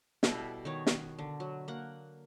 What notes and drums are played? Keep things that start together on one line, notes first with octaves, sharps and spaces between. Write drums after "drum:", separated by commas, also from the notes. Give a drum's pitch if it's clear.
B2 G3 E4 A4, drum: snare
D#3 B3 C#5
drum: snare
D3
F#3
A#3 F#5